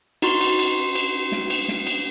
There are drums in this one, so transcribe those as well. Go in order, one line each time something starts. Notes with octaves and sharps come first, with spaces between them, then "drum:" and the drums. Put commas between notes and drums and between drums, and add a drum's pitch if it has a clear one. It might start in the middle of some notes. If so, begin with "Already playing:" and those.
D#4 F#4 C6, drum: cymbal
drum: cymbal
drum: cymbal
drum: cymbal
drum: snare
drum: cymbal
drum: snare
drum: cymbal